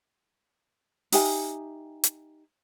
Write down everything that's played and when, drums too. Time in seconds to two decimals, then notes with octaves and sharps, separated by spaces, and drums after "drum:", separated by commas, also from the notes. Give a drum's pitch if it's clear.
1.12 D#4 G4 E5 G#5, drum: open hi-hat
2.04 drum: hi-hat